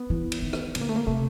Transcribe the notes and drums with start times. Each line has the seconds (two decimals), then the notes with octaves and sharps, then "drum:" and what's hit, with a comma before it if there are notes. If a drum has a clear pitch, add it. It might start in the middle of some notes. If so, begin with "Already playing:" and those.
Already playing: B3
0.10 E3
0.32 drum: cymbal
0.42 D#3
0.53 drum: rim click
0.75 D3 B3, drum: cymbal
0.81 A#3
0.89 A3
0.96 A#3
1.07 C3 A3